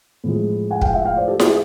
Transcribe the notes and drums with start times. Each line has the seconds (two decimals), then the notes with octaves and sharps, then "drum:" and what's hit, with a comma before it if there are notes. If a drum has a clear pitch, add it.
0.24 A2 F3 G#3
0.71 F#5 G#5
0.82 F5 G5, drum: kick
0.93 E5 F#5
1.05 F5 G5
1.17 C5 D5
1.28 G4 A4
1.40 F#4 G#4, drum: snare E4